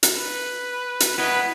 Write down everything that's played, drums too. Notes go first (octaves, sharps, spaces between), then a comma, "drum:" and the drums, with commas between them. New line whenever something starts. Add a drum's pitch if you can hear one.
drum: hi-hat
B4
drum: hi-hat
B3 E4 B4 D#5